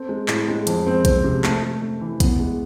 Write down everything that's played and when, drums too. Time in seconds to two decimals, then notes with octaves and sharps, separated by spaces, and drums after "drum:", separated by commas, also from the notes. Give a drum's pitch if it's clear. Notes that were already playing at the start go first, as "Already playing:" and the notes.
Already playing: C4 A4
0.09 G#3
0.28 A2, drum: clap
0.48 G#3
0.67 F2, drum: hi-hat
0.87 C4
1.05 C4, drum: kick A#1, hi-hat
1.24 C3
1.44 A3, drum: clap
1.63 A3
1.82 A3
2.01 E3
2.20 B3, drum: kick A#1, hi-hat
2.39 G#3